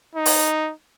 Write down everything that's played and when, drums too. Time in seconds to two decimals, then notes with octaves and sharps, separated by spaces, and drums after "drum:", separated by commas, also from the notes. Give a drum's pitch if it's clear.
0.15 D#4
0.26 drum: open hi-hat